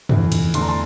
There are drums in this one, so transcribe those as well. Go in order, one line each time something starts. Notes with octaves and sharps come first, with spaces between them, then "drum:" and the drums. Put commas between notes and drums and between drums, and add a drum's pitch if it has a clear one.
F1 E2 E3, drum: tom
drum: cymbal
E2 E3 A3 D4 C6, drum: cymbal
A#5
A5 C6